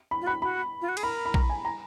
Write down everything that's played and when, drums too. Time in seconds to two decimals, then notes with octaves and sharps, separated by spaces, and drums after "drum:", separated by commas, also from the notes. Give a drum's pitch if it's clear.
0.11 B5
0.22 F4
0.27 F#4 B5
0.42 F#4 B5
0.81 F4
0.89 F#4
0.97 G#4, drum: cymbal
1.03 A#4 B5
1.25 B5
1.34 A#5, drum: kick A#1
1.50 G#5
1.65 A#5